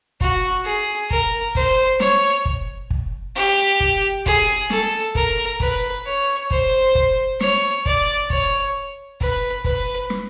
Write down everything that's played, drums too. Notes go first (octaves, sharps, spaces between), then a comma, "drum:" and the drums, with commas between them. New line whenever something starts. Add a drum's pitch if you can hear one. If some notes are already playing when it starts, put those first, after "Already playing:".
F#4, drum: kick
G#4
A#4, drum: kick
C5, drum: kick
C#5, drum: snare
drum: kick
drum: kick
G4
drum: kick
G#4, drum: kick
A4, drum: snare
A#4, drum: kick
B4, drum: kick
C#5
C5, drum: kick
drum: kick
C#5, drum: snare
D5, drum: kick
C#5, drum: kick
B4, drum: kick
B4, drum: kick
drum: snare